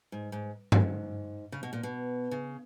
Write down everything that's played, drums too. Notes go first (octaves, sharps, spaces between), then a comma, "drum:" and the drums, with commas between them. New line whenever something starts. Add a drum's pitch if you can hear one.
G#2
G#2
G#2, drum: tom G2
C#3
B2
A#2
B2
C#3